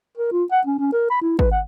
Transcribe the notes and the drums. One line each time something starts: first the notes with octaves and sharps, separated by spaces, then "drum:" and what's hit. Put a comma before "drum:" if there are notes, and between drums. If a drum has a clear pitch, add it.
A#4
F4
F#5
C#4
C#4
A#4
B5
E4
B4, drum: kick
F#5